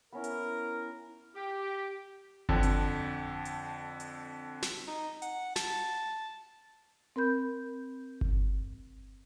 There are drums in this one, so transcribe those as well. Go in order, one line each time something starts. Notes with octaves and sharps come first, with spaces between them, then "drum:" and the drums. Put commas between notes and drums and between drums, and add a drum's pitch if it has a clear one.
B3 C#4 E4 A#4
drum: hi-hat
G4
F2 D3, drum: kick G1
drum: hi-hat
drum: hi-hat
drum: hi-hat
drum: snare
D#4
F#5, drum: hi-hat
A5, drum: snare
C4 A#4 B5 G6
drum: kick G1